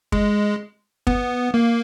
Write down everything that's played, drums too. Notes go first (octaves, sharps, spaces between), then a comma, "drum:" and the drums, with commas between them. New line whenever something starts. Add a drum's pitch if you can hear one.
G#3, drum: kick
B3, drum: kick
A#3